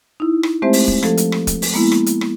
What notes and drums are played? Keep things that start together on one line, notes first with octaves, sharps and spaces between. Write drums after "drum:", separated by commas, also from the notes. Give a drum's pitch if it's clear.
D#4 E4
drum: rim click
G#3 A3 C4 G4 C5 E5
drum: open hi-hat
drum: kick
F3 A3 A4, drum: rim click
drum: hi-hat
drum: rim click
drum: kick, hi-hat
drum: open hi-hat
G#3 A#3 B3 E4
drum: rim click
drum: hi-hat
drum: rim click